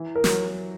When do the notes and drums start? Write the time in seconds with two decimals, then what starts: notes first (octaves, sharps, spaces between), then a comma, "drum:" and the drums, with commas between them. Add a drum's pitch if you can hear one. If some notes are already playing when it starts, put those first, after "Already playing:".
Already playing: E3
0.15 A#4
0.24 F#3, drum: snare